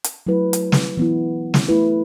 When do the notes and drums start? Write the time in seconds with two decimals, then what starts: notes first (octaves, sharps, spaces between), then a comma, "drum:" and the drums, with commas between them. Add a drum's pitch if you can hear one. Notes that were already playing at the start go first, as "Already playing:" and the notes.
0.04 drum: hi-hat
0.27 F#3 A3 E4 B4
0.53 drum: hi-hat
0.72 drum: snare
0.97 E3 B3 E4
1.54 drum: snare
1.68 A3 E4 B4